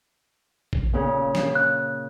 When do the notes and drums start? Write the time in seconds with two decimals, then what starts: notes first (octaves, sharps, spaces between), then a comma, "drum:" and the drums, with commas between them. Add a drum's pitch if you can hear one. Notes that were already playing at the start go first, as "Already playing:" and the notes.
0.73 drum: kick A1
0.93 A#2 C#3 A#4
1.35 drum: snare
1.55 F#6